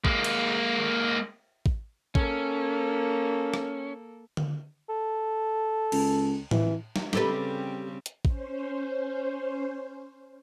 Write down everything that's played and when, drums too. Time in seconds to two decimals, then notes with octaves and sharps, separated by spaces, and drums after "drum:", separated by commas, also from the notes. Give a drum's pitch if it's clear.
0.05 G#3 A#3, drum: kick A1
0.24 drum: cymbal
1.66 drum: kick A1
2.15 A#3 C#4 A4, drum: kick A1
3.54 drum: rim click
4.37 drum: tom D3
4.89 A4
5.92 C#2, drum: cymbal
6.51 E3, drum: tom A2
6.96 drum: snare
7.13 C#3 G3 C4 G4 A4 B4, drum: snare
8.06 drum: hi-hat
8.25 C#4 C5, drum: kick A1